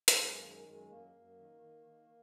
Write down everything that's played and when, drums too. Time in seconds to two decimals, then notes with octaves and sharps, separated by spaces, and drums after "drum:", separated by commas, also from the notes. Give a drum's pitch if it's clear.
0.08 drum: hi-hat
0.20 F#2 G#3
0.40 A#3
0.43 D#3 G#3
0.67 F#2 G#3
0.91 F#2 A#3
1.16 F#2
1.38 D#3
1.62 D#3
1.86 D#3